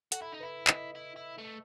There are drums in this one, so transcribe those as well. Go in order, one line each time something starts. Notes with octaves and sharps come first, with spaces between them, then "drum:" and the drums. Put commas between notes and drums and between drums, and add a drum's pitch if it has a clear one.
F#4 A4, drum: hi-hat
E4
D#4
E4 B4
D#5, drum: clap
E4
E4
A3